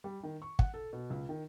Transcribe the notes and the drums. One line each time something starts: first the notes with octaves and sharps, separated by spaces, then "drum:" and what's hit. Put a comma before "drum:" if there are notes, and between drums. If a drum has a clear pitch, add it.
G3
D#3
C#6
F#5, drum: kick
A4
B2
C#2
D#3